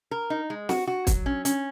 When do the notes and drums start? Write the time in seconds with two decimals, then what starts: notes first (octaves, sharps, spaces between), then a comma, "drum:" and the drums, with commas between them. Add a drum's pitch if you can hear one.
0.11 A#4
0.30 D#4
0.50 G#3
0.69 F#4, drum: snare
0.87 F#4
1.07 F#3, drum: kick, hi-hat
1.26 C#4
1.45 C#4, drum: hi-hat